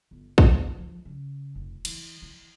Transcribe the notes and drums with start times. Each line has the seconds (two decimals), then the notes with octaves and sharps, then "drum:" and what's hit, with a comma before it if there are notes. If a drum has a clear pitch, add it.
0.11 G1
0.38 A#2, drum: kick A#1
0.78 F3
1.05 C#3
1.55 F1
1.85 E3, drum: cymbal
2.22 E3